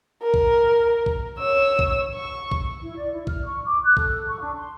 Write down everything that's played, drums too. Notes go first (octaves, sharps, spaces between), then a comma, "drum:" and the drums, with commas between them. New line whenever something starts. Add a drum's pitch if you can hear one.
A#4
drum: kick A#1
drum: kick A#1
C#5 E6
drum: kick A#1
C#6
drum: kick A#1
E4
D5
E4
F6, drum: kick A#1
C#6
D6
F#6
A4, drum: kick A#1
C#6
D4
C6